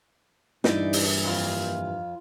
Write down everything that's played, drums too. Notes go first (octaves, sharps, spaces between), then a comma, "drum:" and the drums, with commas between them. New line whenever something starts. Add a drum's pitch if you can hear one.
G2 A#2 E3 D#4 E4 D5, drum: snare
drum: open hi-hat
F2 F4